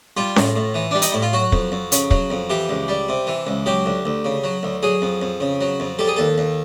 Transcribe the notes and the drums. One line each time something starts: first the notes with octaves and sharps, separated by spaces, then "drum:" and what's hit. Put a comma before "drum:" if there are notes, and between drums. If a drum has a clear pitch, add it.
G3 F4
A2, drum: snare C#4
A2
E3
G3 D4
D#4, drum: hi-hat
A2 E4
F4
F#3 F#4
F2, drum: kick
F2
C#3, drum: hi-hat
F#3, drum: kick
F2
E3 G4
C#2
G3
C3
E3
C#2
F#3 G4
D2
D2
C#3
F#3
D2
F#3 G#4
F2
F2
C#3
F#3
F2
G3 A4
G#4
D#2 A4
D#2